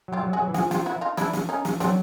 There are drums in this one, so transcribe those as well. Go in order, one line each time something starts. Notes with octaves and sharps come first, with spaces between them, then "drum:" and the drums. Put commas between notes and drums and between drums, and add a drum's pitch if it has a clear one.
F#3
F4 G4
G3
F#3
F#4 G#4
F#3
E3
F3 F#4 G#4, drum: snare
F4 G4, drum: snare
E4 F#4
D#4 F4
D4 E4, drum: snare
drum: snare
C#4 D#4
drum: snare
F#3 C4 D4, drum: snare